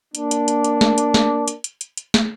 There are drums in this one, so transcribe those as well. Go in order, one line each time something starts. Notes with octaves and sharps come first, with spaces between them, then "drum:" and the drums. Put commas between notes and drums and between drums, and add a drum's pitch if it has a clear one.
A#3 D4, drum: hi-hat
drum: hi-hat
drum: hi-hat
drum: hi-hat
drum: snare
drum: hi-hat
drum: snare
drum: hi-hat
drum: hi-hat
drum: hi-hat
drum: hi-hat
drum: snare